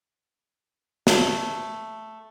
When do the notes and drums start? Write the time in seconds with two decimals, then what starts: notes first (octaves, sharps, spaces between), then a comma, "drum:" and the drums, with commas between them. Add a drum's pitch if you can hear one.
1.07 A3, drum: snare